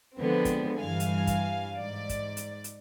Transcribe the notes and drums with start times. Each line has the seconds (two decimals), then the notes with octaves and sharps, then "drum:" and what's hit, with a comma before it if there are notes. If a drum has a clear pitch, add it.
0.18 D3 F3 G#3 B3 C4
0.45 drum: kick, hi-hat
0.79 G2 E3 F5 G#5
1.00 drum: hi-hat
1.27 drum: kick, hi-hat
1.78 G#2 D5
2.09 drum: kick, hi-hat
2.37 drum: hi-hat
2.64 drum: hi-hat